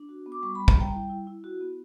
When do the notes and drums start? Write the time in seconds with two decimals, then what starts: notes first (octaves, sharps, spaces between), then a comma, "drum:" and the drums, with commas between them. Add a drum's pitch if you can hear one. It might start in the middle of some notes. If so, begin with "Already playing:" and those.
Already playing: D4
0.09 F#4
0.26 B3
0.32 D6
0.43 G3 C#6
0.55 B5
0.60 G3
0.68 A#5, drum: kick
0.76 G3 G5
0.93 E4
1.10 E4
1.27 E4
1.44 F#4
1.61 B3